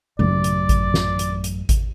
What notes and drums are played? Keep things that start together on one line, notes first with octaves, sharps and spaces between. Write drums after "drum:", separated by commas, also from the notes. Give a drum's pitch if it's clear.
A1 F#2 D5, drum: tom C#3
drum: hi-hat
drum: kick G#1, hi-hat
drum: snare
drum: hi-hat
drum: hi-hat
drum: kick G#1, hi-hat